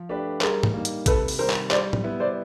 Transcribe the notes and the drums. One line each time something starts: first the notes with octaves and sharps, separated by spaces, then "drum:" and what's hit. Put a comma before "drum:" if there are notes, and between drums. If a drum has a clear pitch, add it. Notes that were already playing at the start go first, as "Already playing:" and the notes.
Already playing: F3
A3 D4 G4 B4
G3 G#4 A#4, drum: clap
drum: tom G#2
A#3 D#4
drum: hi-hat
C3 A4 B4, drum: kick A1, hi-hat
drum: open hi-hat
D#3 G3 A#4 C5
drum: clap
G3 C5 D5, drum: clap
drum: tom A2
B3 E4
C5 D5